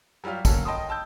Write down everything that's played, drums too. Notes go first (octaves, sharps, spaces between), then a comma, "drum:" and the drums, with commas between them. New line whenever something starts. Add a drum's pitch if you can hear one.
F#3 G3 F4 G4 F5
F#3 A#3 C#4 F#4 A4, drum: kick, tambourine
D#5 G5 A5 B5 C6 D#6
G5 A5 E6 G6